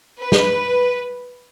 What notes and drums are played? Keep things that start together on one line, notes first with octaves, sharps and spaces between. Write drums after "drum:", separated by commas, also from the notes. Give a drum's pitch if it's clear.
B4
drum: snare